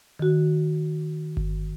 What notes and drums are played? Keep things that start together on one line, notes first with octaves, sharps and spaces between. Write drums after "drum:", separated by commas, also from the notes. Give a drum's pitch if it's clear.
D#3 F#4
drum: kick G1